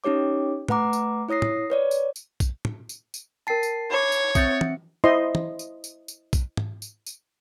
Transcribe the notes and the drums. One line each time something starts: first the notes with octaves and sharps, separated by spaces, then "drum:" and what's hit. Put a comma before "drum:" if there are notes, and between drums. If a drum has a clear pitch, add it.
C#4 D#4 G4 C#5 D6
A3 B4 F#5 A#5 D6, drum: tom
drum: tambourine
E4 C#5 D#6 A#6 C7
drum: tom
B4 C#5 D5
drum: tambourine
drum: tambourine
drum: kick A#1, tambourine
drum: tom
drum: tambourine
drum: tambourine
A#4 G5 A5 A6 C7
drum: tambourine
C#5 B5 D6
drum: tambourine
C4 E5 D#6 G6 A6 C#7, drum: kick A#1, tambourine
drum: tom
E4 C5 D#5 C6
drum: tom
drum: tambourine
drum: tambourine
drum: tambourine
drum: kick A#1, tambourine
drum: tom G#2
drum: tambourine
drum: tambourine